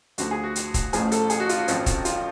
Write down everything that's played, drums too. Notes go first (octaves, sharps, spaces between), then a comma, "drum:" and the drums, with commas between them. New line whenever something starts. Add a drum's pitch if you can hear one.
D2 D3 F3 F#4, drum: hi-hat
G#4
F#4
drum: hi-hat
drum: kick, hi-hat
A1 A2 F3 G#4, drum: hi-hat
A4, drum: hi-hat
G#4, drum: hi-hat
F#4
F4, drum: hi-hat
F#4
G#1 F#2 F3, drum: hi-hat
drum: kick, hi-hat
F4, drum: hi-hat